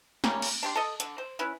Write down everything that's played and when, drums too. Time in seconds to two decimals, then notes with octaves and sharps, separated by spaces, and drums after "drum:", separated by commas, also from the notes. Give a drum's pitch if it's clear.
0.24 C#3 G3 A#3 C#4, drum: snare
0.42 drum: cymbal
0.63 D4 G4 C6
0.75 A4 D#5
1.00 D3, drum: hi-hat
1.18 C5
1.39 C#4 E4 B4